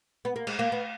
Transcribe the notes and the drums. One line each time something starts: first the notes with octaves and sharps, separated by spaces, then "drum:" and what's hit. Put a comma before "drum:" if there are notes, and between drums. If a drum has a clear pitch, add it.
B3
A#3
G#3, drum: cymbal
A#3
B3